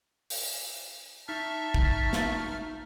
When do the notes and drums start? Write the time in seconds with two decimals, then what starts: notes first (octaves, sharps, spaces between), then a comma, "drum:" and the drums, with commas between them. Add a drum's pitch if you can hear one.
0.30 drum: open hi-hat
1.28 D#4 E5 A5 C#6 F6
1.74 drum: kick
2.13 drum: snare